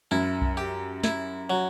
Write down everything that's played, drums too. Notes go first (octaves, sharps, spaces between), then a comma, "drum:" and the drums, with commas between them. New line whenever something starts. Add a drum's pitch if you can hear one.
F#2 E4
drum: kick B1
G4
E4, drum: snare
F#3